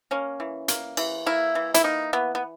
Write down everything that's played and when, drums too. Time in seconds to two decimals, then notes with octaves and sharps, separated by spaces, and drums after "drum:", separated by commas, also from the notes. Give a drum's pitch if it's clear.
0.11 A#3 C#4
0.40 E3
0.68 A#3, drum: hi-hat
0.97 E3, drum: cymbal
1.26 A#3 E4
1.55 E3
1.74 E4, drum: hi-hat
1.84 A#3 D#4
2.13 E3 B3
2.35 B3